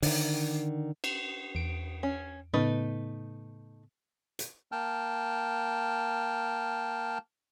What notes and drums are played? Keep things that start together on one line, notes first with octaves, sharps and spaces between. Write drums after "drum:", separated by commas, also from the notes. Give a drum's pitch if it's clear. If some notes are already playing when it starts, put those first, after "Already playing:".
D3 D#3, drum: open hi-hat
drum: cymbal
E2 D7
C#4
A2 C#3 A3 B3 D#4 B4
drum: hi-hat
A#3 G5 A5 F6